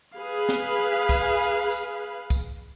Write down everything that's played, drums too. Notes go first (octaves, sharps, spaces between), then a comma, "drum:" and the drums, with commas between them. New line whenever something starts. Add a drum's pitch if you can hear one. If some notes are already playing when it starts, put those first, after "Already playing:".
G#4 B4 F5 B5
drum: snare
drum: kick, tambourine
drum: tambourine
drum: kick, tambourine